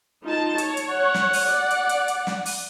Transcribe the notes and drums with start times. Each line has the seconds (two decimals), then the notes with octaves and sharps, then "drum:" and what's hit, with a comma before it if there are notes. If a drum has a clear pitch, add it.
0.24 D#4 F4 A5
0.58 C#5, drum: hi-hat
0.77 drum: hi-hat
0.93 F#5
1.14 drum: snare
1.33 drum: open hi-hat
1.46 D5
1.71 drum: hi-hat
1.89 drum: hi-hat
2.08 drum: hi-hat
2.27 drum: snare
2.46 drum: open hi-hat